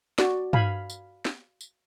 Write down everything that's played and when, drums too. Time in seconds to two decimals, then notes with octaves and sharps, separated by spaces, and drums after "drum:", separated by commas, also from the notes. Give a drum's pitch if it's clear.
0.18 F#4 D5, drum: snare
0.53 F5 G#5 B5, drum: tom G2
0.90 drum: tambourine
1.25 drum: snare
1.61 drum: tambourine